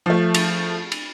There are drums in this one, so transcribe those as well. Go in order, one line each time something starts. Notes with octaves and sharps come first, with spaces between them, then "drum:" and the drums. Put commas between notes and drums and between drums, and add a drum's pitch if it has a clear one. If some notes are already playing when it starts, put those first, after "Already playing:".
F3 A3
drum: cymbal
drum: cymbal